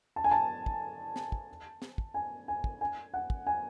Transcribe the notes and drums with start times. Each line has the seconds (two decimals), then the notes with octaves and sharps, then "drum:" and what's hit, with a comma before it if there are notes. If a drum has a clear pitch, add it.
0.16 A5
0.24 G#5
0.31 A5
0.66 drum: kick
1.16 drum: snare
1.32 drum: kick
1.82 drum: snare
1.98 drum: kick
2.14 G#5
2.48 G#5
2.64 drum: kick
2.81 G#5
3.14 F#5
3.30 drum: kick
3.47 G#5